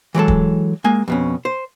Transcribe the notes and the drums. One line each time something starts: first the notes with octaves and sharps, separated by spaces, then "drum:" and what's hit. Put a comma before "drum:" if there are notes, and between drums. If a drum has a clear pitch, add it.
E3 F#3 G#3 A4
drum: kick
G#3 A#3 G#5
F2 B2 C#4
C5